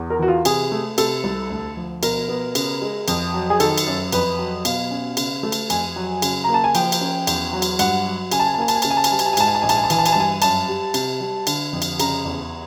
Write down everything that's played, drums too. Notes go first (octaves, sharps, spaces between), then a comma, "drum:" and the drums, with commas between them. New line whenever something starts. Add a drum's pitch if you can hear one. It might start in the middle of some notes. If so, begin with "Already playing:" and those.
Already playing: E2
A#4
E3 F#4
F4
C3 G#4, drum: cymbal
A3
C3 A4, drum: cymbal
C2
D2
F3
B2 A#4, drum: cymbal
B3
C#3, drum: cymbal
G#3
F2, drum: cymbal
F#3
G#4
D#3 A4, drum: cymbal
drum: cymbal
F#2
F2 B4, drum: cymbal
F#3
B2 F5, drum: cymbal
C#4
C#3, drum: cymbal
A3
drum: cymbal
F2 G#5, drum: cymbal
F#3
C#3, drum: cymbal
A#3 A#5
A5
G#5
F3 G5, drum: cymbal
drum: cymbal
C#4
E2, drum: cymbal
F#3
drum: cymbal
G2 F#5, drum: cymbal
F#3
C#3 G#5, drum: cymbal
A5
G#5
A5
A#3 G#5
A5, drum: cymbal
G#5
C#3 A5, drum: cymbal
G#5
A5
G#5, drum: cymbal
G3 A5
G#5, drum: cymbal
A5
G#5
G#2 A5, drum: cymbal
G#5
A5
A#1 G#5
A5, drum: cymbal
G#5
A5
E3 G#5, drum: cymbal
A5
G#5, drum: cymbal
A5
G2 G#5
F#2 A5, drum: cymbal
G3
C3, drum: cymbal
G3
D3, drum: cymbal
F2
drum: cymbal
C#3 A#5, drum: cymbal
E2